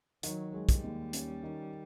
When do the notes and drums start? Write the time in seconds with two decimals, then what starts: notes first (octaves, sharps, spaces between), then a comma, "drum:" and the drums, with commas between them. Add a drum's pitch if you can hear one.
0.23 D#3 F#3, drum: hi-hat
0.53 G#3
0.69 G3, drum: kick, hi-hat
0.84 D#2
1.13 C#4, drum: hi-hat
1.43 D#3